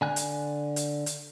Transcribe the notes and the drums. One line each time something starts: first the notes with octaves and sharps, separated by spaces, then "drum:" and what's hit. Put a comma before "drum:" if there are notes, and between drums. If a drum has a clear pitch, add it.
D3 G#5 F#6
drum: hi-hat
drum: hi-hat
drum: hi-hat